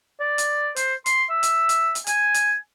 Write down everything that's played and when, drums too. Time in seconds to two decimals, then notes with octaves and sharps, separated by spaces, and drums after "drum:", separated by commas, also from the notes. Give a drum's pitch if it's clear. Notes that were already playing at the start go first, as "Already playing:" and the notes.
0.20 D5
0.38 drum: hi-hat
0.76 C5, drum: hi-hat
1.06 C6, drum: hi-hat
1.30 E5
1.43 drum: hi-hat
1.69 drum: hi-hat
1.95 drum: hi-hat
2.07 G#5, drum: hi-hat
2.34 drum: hi-hat